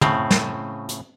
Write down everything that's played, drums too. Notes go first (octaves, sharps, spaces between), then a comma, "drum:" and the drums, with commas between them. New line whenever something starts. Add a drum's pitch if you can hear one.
A2 C#3 C4, drum: tom
drum: snare
drum: hi-hat